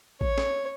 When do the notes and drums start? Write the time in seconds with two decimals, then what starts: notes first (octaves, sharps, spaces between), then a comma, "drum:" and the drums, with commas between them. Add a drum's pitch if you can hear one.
0.21 C#5, drum: kick A1
0.38 drum: snare